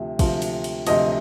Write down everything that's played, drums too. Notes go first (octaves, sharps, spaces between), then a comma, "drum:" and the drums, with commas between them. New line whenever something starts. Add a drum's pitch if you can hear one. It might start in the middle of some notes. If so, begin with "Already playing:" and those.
Already playing: D2 C3 F3
D2 C3 F3, drum: kick, cymbal
drum: cymbal
drum: cymbal
D2 C3 F3 D#5, drum: cymbal